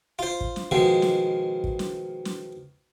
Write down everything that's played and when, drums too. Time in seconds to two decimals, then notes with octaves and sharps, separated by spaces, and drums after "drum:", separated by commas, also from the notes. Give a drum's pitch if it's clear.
0.19 F4 C5
0.41 drum: kick
0.56 drum: snare
0.71 B2 D#3 F3 G#3
1.02 drum: snare
1.64 drum: kick
1.79 drum: snare
2.25 drum: snare